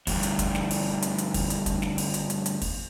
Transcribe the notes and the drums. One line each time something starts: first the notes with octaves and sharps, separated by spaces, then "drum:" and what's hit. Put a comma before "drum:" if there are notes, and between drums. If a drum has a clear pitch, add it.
D2 G2, drum: kick, open hi-hat
drum: hi-hat
drum: kick, hi-hat
drum: snare
drum: open hi-hat
drum: hi-hat
drum: hi-hat
drum: kick, open hi-hat
drum: hi-hat
drum: kick, hi-hat
drum: snare
drum: open hi-hat
drum: hi-hat
drum: hi-hat
drum: hi-hat
drum: kick, open hi-hat